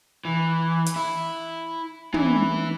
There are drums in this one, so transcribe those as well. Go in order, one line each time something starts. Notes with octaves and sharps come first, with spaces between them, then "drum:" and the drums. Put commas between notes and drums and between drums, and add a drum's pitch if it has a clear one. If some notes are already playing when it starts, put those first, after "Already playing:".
E3
drum: hi-hat
E4
E3 E4, drum: tom